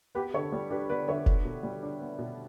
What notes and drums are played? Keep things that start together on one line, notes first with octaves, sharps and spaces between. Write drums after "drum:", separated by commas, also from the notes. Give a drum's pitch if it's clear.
B3 G4 B4
D3 A4 C#5
G3 A4
D4 G4 B4
B3 B4 D5
D3 C#5 E5
B3, drum: kick F1
B2
G3
D4
B3
B2